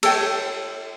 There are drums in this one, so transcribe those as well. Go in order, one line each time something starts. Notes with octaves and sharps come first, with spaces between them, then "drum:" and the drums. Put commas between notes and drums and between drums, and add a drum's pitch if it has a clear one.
A4 C#5 G5, drum: cymbal